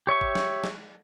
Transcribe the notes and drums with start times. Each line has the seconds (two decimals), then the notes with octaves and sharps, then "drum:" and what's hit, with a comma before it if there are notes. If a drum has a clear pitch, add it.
0.07 G4 C#5 E5 C#6
0.21 drum: kick G#1
0.35 drum: snare
0.64 drum: snare